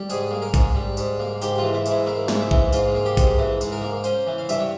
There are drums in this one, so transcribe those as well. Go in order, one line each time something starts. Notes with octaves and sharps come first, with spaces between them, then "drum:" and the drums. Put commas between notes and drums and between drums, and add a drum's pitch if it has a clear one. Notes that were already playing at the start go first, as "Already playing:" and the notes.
Already playing: G3
G#2 G#4, drum: tambourine
A#3
A#4
G#2, drum: kick A1, tambourine
G3
G#2, drum: tambourine
A#3
G#2 G4, drum: tambourine
E3 F4
E4
G#2 E4, drum: tambourine
A#3 E4
G#2, drum: snare
E4
E3, drum: kick A1
G#2 F4, drum: tambourine
A#3
G4
G#2, drum: kick A1, tambourine
E3
G#2, drum: tambourine
A#4
A#3
C#4 C5, drum: tambourine
E3
F5
G2 E5, drum: tambourine
C#5